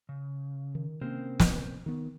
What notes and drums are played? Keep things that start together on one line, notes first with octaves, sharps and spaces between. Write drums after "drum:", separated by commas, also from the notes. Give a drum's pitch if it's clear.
C#3
D#3
C3 A#3 C4 C#4 A#4 C5
drum: snare
D#3 B3